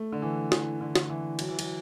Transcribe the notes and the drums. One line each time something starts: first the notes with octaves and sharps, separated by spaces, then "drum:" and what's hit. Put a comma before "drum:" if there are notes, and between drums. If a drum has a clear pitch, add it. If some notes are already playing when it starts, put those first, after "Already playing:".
Already playing: A3
D3
E3
E3, drum: snare
D3
drum: snare
E3
F#3, drum: cymbal
E3
F#3, drum: cymbal